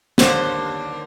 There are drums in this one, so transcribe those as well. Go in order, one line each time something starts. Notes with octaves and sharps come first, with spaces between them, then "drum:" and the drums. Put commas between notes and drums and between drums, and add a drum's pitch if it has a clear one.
D#2 D3 C5, drum: snare